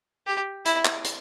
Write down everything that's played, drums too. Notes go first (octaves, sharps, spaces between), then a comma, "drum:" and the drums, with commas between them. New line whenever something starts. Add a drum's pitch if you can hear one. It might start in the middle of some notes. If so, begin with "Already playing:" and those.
G4
E4, drum: hi-hat
drum: clap
drum: hi-hat